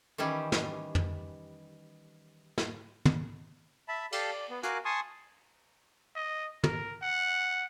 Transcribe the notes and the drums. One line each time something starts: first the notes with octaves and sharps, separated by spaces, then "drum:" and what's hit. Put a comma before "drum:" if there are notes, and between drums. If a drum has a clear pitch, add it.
D#3 E3 G3 C#4 G4
drum: snare
drum: tom
drum: snare
drum: tom
E5 A5 B5
G4 A4 D5 F5 A5, drum: cymbal
D5
B3
F#4 A#4 F5 G#5 D6 F#6, drum: hi-hat
G#5 A5 C6 C#6 D#6
D#5
A#4, drum: tom
F#5